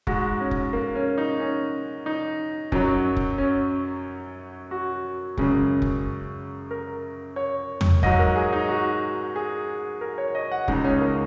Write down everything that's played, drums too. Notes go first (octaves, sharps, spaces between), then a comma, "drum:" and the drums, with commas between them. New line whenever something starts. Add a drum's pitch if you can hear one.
G#2 G#3 F#4, drum: kick F1
C#4
drum: kick F1
A#3
C#4
D#4
C#4
D#4
F#2 F#3, drum: kick F1
drum: kick F1
C#4
F#4
F#2 C#3 G#3, drum: kick F1
drum: kick F1
A#4
C#5
drum: tom E2
G#2 F#3 D#5, drum: kick F1
A#4
G#4
D#4
F#4
G#4
A#4
C#5
D#5
F#5
C#2 C#3 G#3 D#4, drum: kick F1
C#4
A#3